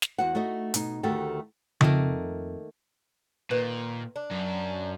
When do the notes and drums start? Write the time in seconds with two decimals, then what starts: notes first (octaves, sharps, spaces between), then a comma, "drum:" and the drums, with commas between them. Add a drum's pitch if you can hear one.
0.02 drum: snare
0.18 E2 F#4 F#5
0.35 A3 D#4 F#4 D#5
0.74 B2 D#4, drum: hi-hat
1.03 D2 D#3 A3 F#4 G4 A4
1.81 F2 D#3 A3 A#3, drum: tom C#3
3.51 A#2 D#3 B4
4.16 D4
4.31 F#2